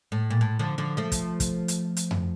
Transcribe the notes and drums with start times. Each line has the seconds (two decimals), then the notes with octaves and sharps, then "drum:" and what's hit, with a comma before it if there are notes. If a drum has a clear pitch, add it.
0.12 A2
0.30 A#2
0.41 A2
0.59 D3 F3
0.78 D3 F3
0.97 F3 A3
1.12 drum: kick, hi-hat
1.40 drum: kick, hi-hat
1.68 drum: hi-hat
1.97 drum: hi-hat
2.11 drum: tom F2